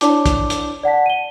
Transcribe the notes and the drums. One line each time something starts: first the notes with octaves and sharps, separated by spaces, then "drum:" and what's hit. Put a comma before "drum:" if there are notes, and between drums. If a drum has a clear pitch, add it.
D4 E4 C#5 D5 A5 D6, drum: hi-hat
drum: kick, hi-hat
drum: hi-hat
D5 F#5 A5 B6
D#7 G7